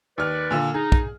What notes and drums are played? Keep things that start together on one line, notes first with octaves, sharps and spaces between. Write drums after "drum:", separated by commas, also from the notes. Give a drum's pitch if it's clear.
D#2 B4 D5 F6
A#2 D3 F4
D#4 G#4
drum: kick